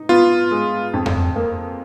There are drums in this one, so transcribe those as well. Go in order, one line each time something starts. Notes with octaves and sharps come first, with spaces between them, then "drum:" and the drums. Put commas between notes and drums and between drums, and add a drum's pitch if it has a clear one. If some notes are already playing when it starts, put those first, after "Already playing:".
Already playing: D#4
B3 F4
G#3
F2
drum: tom F2
A#3